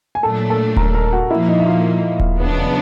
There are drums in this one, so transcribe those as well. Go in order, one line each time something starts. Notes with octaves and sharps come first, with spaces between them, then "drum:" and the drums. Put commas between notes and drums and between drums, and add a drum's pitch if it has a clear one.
G#5
A#2 F#3 A3 D4 A4 A5
A4 A5
A#4 A#5, drum: kick D#1
A#4 A#5
F#4 F#5
A#2 F3 A#3 E4 E5
D#4 D#5
E5
F4 F5
drum: kick D#1
E2 C#3 F#3 B3 D4